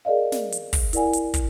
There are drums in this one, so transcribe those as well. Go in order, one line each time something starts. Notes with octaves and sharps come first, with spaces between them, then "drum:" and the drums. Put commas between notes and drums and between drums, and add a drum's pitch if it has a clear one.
G#4 A#4 D5 D#5 F5
drum: snare
drum: hi-hat
drum: kick, open hi-hat
E4 A#4 D5 F#5 G#5, drum: hi-hat
drum: hi-hat
drum: kick, hi-hat